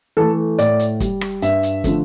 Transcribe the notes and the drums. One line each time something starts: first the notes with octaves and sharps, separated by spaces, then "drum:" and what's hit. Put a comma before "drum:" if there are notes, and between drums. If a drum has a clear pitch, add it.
E3 A3 A4
A2 D5, drum: hi-hat
drum: hi-hat
G3, drum: kick, hi-hat
drum: rim click
G2 E5, drum: hi-hat
drum: hi-hat
D3 F3 A3, drum: kick, hi-hat